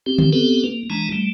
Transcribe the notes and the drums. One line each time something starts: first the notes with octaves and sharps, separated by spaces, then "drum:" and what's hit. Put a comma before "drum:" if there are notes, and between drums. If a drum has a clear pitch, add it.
C4 G4
drum: tom D3
B3 C4 G4 A4 B4
A#3
E3 G#3 D4 A5 A#5
G3 A3